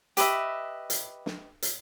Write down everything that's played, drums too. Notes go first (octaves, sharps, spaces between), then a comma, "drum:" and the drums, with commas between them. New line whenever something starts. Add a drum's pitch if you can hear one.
G4 B4 D#5 E5, drum: hi-hat
drum: hi-hat
drum: snare
drum: hi-hat